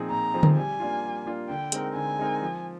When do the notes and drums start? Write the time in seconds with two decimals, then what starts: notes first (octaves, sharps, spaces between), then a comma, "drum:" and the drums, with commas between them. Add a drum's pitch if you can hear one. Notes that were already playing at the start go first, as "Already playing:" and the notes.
Already playing: A#2 F3 C4 D#4 G#4
0.10 A#2 A#5
0.34 F3 C4 D#4 G#4
0.43 drum: tom D3
0.57 G3 G#5
0.80 A#3 D4 F4
1.03 G3
1.26 A#3 D4 F4
1.49 D3 G5
1.72 G#3 C4 D#4 A#4, drum: hi-hat
1.95 D3 G#5
2.19 G#3 C4 D#4 A#4
2.42 F3